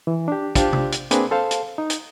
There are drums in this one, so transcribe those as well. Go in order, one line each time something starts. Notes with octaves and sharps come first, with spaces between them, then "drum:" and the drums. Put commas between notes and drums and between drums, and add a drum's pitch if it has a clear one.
E3
D4 G4
D4 F4 G4 C5 D5, drum: kick, hi-hat
drum: tom C3
drum: hi-hat
A#3 C4 D4 G#4 B4 D5, drum: hi-hat
A4 C5 F5 A5
drum: hi-hat
D#4
drum: hi-hat